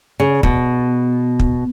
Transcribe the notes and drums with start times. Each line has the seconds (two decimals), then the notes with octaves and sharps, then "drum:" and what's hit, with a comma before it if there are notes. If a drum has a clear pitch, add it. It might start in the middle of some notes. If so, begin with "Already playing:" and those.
0.20 C#3
0.43 B2, drum: kick
1.39 drum: kick